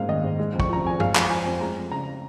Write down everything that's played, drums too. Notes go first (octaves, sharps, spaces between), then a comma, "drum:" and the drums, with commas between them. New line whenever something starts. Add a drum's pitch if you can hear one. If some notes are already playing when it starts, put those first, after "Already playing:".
Already playing: G#2 A#3 F5
D#3 D#5
G#2
G#3
F2
C#6, drum: kick
F3 A#5
F2 G#5
G#3 F5, drum: tom
F2, drum: clap
F3 G#5
F2
G#3 A#5
F2
C#3 A#5